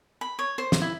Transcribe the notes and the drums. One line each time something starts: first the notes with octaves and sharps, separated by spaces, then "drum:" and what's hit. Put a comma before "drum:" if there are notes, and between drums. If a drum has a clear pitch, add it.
B5
C#5
C5
drum: snare
E4